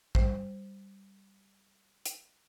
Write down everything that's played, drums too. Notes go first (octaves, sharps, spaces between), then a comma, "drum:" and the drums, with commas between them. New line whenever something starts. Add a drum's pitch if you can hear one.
G3 C5, drum: kick
drum: hi-hat